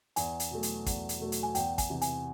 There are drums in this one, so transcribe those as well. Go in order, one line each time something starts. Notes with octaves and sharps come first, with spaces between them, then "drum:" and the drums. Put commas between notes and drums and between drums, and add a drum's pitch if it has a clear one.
E2 G#5, drum: hi-hat
drum: hi-hat
B2 F#3 A3
drum: hi-hat
E2, drum: kick, hi-hat
drum: hi-hat
B2 F#3 A3
drum: hi-hat
G#5
E2 G5, drum: hi-hat
G#5, drum: kick, hi-hat
C3 E3
G#5, drum: hi-hat